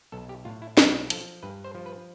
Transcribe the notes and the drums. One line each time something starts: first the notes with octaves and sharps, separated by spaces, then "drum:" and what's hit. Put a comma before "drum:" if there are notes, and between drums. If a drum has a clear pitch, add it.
B1 A4
G4
A2 F4
E4
B1 G4, drum: snare
F3 A4, drum: hi-hat
G2 B4
C5
F3
B4